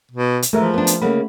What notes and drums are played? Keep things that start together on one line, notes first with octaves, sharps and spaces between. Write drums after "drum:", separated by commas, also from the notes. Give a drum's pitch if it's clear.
B2
drum: hi-hat
E3 F3 G#3 A3 A#4 E5
B3 D4
drum: hi-hat
C#3 A3 A#3 F#5 B5